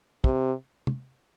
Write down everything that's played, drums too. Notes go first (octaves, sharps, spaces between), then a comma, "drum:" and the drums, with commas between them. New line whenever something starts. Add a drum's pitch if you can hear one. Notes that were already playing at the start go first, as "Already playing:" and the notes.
C3, drum: kick
drum: tom